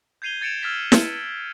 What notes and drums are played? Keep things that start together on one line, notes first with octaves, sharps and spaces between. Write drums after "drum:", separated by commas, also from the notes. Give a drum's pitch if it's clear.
G6 G#6 C7 D#7 F7 G7
G#6 A6 C#7 D7 E7 F7
E6 F6 G#6 A6 B6 E7
drum: snare